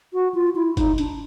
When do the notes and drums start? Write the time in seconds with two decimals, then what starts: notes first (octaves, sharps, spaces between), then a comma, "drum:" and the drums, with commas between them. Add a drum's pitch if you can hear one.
0.13 F#4
0.34 F4
0.55 E4
0.77 D#4, drum: kick F#1, hi-hat
0.98 D4, drum: hi-hat